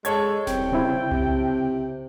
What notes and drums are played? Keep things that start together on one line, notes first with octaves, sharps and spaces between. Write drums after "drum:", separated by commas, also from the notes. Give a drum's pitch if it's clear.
G#3 A4 C#5 G#6, drum: hi-hat
C2 G5, drum: snare D#1
C#3 C4 E4
C3, drum: tom C2